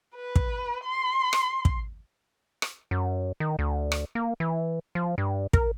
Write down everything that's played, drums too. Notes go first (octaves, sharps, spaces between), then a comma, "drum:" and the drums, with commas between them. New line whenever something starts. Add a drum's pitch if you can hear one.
B4
drum: kick
C6
drum: rim click
drum: kick
drum: rim click
F#2
D#3
D2
drum: rim click
A#3
E3
F3
G2
A#4, drum: kick